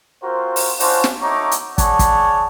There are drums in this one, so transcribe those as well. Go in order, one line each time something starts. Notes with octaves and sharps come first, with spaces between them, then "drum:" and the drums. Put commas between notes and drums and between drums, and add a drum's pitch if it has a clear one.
C4 F4 F#4 A#4 C5
drum: open hi-hat
C#4 D4 F4 F#4 C5, drum: open hi-hat
drum: snare
A3 D#4 F#4 C#5 A#5 D6
drum: hi-hat
G#4 C#5 D5 F#5 A5, drum: kick, hi-hat
drum: kick, hi-hat